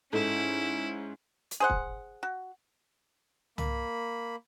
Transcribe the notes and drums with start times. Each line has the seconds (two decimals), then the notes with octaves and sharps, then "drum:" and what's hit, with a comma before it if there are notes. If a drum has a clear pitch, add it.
0.13 G#2 C#4 D#4 E4 A4
1.51 drum: hi-hat
1.60 G#4 C5 F#5
1.70 drum: kick
2.23 F#4
3.58 A#3 B5, drum: tom